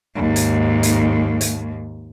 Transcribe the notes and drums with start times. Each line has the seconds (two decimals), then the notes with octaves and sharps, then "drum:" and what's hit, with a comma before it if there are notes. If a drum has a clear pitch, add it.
0.16 D#2 G#2
0.36 drum: hi-hat
0.83 drum: hi-hat
1.41 drum: hi-hat